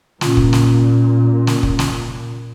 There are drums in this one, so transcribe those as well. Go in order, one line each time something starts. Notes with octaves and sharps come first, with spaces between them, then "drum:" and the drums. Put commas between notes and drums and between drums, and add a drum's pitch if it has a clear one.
A#2 C#4 F4, drum: snare
drum: kick
drum: snare
drum: snare
drum: kick
drum: snare